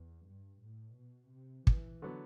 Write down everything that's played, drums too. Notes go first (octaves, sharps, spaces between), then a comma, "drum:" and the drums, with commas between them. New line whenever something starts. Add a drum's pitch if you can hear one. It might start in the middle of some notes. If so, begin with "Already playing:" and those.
Already playing: E2
G2
A2
B2
C3
E3, drum: kick
D3 F#3 B3